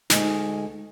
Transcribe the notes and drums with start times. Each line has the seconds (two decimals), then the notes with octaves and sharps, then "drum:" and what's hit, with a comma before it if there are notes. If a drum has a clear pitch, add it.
0.10 D2 G#3 D#4, drum: snare